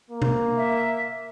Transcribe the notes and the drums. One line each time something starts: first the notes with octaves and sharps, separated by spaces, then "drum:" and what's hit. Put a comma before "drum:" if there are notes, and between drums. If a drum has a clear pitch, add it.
A#3
drum: tom B2
E5